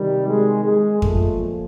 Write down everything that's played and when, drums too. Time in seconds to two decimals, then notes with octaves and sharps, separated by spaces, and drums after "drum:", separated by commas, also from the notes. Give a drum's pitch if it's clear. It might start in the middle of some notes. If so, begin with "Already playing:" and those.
Already playing: C3 D#3 G3
0.28 G#3
0.65 G#3
1.02 A#2 F3 A3, drum: kick F2